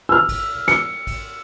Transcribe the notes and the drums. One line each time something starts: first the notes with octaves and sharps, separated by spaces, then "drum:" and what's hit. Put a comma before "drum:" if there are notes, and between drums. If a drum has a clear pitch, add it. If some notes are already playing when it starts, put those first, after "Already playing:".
E6 F6
drum: kick A1, cymbal
C#7, drum: snare
drum: kick A1, cymbal